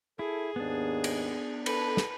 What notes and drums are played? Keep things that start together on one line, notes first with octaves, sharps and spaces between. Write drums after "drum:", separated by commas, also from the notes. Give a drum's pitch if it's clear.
E4 G#4 A4
D#2 G#2 B3 D4
drum: cymbal
A4 B4, drum: cymbal
drum: snare